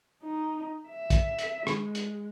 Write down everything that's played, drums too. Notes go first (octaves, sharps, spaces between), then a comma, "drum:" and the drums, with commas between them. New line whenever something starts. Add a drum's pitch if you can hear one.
D#4
E5
drum: kick, hi-hat
drum: hi-hat
G#3, drum: rim click
drum: hi-hat